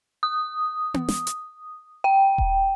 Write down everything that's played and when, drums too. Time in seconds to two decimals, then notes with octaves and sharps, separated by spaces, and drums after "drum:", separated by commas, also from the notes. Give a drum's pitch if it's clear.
0.23 D#6
0.94 drum: tom B3
1.09 drum: snare
1.27 drum: hi-hat
2.04 G5
2.38 drum: kick D#1